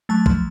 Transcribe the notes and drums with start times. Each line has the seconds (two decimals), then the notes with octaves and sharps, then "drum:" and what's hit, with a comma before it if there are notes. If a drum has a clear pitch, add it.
0.09 F#3 A3 A5
0.26 F3, drum: kick B1